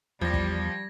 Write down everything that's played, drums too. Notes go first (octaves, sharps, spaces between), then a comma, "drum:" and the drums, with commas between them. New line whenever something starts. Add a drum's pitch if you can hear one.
E2 F3 G3 G#6 A#6
drum: kick